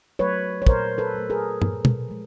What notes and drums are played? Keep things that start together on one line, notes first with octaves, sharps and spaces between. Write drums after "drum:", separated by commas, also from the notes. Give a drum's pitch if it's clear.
F#3 A3 B4 C#5
C#5
A#2 A#4 C5, drum: kick
A4 B4
F#3 A3
G#4 A#4
A#2, drum: tom
drum: tom
F3 G#3